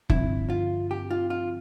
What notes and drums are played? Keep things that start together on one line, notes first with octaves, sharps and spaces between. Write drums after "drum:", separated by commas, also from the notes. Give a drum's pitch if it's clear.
G2 D3 F3 C4 E4, drum: kick F1
F4
G4
F4
F4